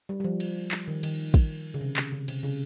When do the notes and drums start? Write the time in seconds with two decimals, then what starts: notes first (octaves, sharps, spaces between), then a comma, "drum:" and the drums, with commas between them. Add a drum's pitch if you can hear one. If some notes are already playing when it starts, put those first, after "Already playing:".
0.09 G3
0.20 G3
0.24 F3
0.40 drum: cymbal
0.71 drum: clap
0.88 D#3
1.03 D#3, drum: cymbal
1.34 drum: kick, cymbal
1.74 C#3
1.81 C3
1.97 drum: clap
2.12 C#3
2.28 C3, drum: cymbal
2.43 C#3